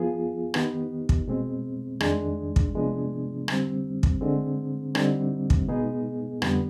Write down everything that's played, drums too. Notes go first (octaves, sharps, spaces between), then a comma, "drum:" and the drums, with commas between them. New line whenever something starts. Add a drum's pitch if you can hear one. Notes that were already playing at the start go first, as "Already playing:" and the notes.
Already playing: F3 B3 F4 G#4
D#3 B3 D#4 G4, drum: rim click
drum: kick
B2 G#3 C4
F2 D#3 G#3 D4, drum: rim click
drum: kick
C3 F3 G#3 B3 D4
D3 G3 C4, drum: rim click
drum: kick
D3 G#3 C4
D3 G3 C4 D#4, drum: rim click
drum: kick
B2 G#3 B3 D#4 G#4
F2 D3 G3 B3, drum: rim click